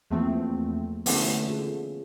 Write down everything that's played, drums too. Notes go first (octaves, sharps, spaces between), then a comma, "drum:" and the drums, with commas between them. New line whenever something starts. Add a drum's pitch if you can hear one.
E2 F3 A3 A#3 C4 F4
D3 A3 B3 C#4 E4, drum: open hi-hat
F4 G#4